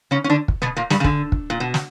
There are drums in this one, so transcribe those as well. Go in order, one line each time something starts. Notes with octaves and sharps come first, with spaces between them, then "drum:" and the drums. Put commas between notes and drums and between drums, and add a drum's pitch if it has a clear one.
C#3 C#4
C#4
D3 D4
drum: kick
B2 B3
A#2 A#3
G2 G3, drum: snare
C#3
D3, drum: kick
drum: kick
A#2
B2
drum: snare